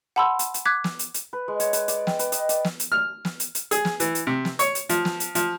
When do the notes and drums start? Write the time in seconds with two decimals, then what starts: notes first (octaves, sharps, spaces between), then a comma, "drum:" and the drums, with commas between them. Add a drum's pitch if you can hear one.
0.16 F#5 A5 B5 C6 E6
0.39 drum: hi-hat
0.54 drum: hi-hat
0.65 D6 F#6 G#6 B6
0.84 drum: snare
0.99 drum: hi-hat
1.14 drum: hi-hat
1.33 B4
1.48 G#3
1.60 C#5, drum: hi-hat
1.73 B4, drum: hi-hat
1.88 D5, drum: hi-hat
2.07 G5, drum: snare
2.19 B4, drum: hi-hat
2.32 D#5, drum: hi-hat
2.49 D5, drum: hi-hat
2.65 drum: snare
2.80 drum: hi-hat
2.92 F6
3.25 drum: snare
3.40 drum: hi-hat
3.55 drum: hi-hat
3.71 G#4, drum: hi-hat
3.85 drum: snare
4.00 E3, drum: hi-hat
4.15 drum: hi-hat
4.27 C3
4.45 drum: snare
4.59 C#5, drum: hi-hat
4.75 drum: hi-hat
4.89 F3, drum: hi-hat
5.05 drum: snare
5.20 drum: hi-hat
5.35 F3, drum: hi-hat